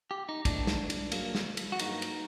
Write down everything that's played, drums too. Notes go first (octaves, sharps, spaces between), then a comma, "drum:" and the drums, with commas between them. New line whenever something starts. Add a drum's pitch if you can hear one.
G4
D#4
A2 A3 D4, drum: kick, cymbal
drum: snare
drum: cymbal
G2 F#3 A#3, drum: cymbal
drum: snare
drum: cymbal
F#4
G2 F#3 A#3 D#4, drum: cymbal
drum: cymbal